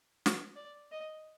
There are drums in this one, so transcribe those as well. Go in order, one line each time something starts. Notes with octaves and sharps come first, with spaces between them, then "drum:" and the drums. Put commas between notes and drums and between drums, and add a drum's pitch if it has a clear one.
drum: snare
D5
D#5